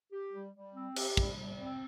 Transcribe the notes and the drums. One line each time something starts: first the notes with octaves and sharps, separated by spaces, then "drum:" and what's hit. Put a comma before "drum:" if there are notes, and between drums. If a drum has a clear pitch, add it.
G4
G3
G3
C4
G4, drum: cymbal
G3, drum: kick
G3
C4